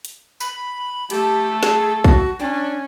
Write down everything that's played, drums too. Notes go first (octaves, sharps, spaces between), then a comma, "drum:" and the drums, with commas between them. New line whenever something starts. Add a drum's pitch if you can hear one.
drum: hi-hat
B5, drum: tambourine
A3 G4 A4, drum: cymbal
G#4, drum: snare
F#4, drum: kick B1
C#4 D4